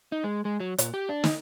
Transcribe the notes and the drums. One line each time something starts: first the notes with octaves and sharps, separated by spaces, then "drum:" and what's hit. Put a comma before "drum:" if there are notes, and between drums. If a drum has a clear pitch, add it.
D#4
G#3
G#3
F#3
A#2, drum: hi-hat
G4
D4
D#4, drum: snare